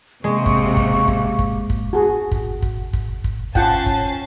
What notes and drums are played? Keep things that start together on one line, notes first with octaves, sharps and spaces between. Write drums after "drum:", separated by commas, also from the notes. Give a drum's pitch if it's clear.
C3 G#3 A#3 C#6
drum: kick
drum: kick
drum: kick
drum: kick
drum: kick
F#4 G#4
drum: kick
drum: kick
drum: kick
drum: kick
C#4 F4 F#5 G5 A5 C7, drum: kick
drum: kick